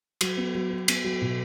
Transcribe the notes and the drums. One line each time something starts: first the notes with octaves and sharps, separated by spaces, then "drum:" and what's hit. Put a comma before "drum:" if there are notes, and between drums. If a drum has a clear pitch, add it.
F#3, drum: cymbal
B3
F#3
F#4
B3, drum: cymbal
F#3
B2